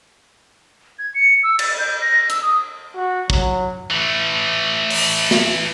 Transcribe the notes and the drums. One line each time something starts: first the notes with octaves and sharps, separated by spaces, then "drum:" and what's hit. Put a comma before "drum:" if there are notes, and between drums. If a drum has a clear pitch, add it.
G#6
C#7
E6
A6, drum: cymbal
G6
A#6
E6, drum: hi-hat
D#6
F#4
F#3, drum: kick
E3 A3
drum: open hi-hat
drum: snare